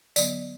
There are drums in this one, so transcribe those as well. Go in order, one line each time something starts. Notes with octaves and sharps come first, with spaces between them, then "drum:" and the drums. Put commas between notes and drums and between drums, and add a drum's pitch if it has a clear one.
D3 F#3 B3 D5, drum: tambourine